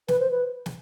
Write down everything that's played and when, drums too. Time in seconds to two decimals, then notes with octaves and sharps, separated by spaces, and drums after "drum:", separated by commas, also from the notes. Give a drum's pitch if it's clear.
0.08 B4, drum: snare
0.20 C5
0.31 B4
0.66 drum: snare